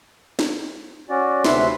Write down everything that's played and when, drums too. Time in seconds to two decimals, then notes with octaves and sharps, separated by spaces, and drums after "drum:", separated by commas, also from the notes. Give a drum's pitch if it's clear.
0.39 drum: snare
1.10 C#4 F#4 D5
1.44 D2 C3 B4 E5 C6, drum: snare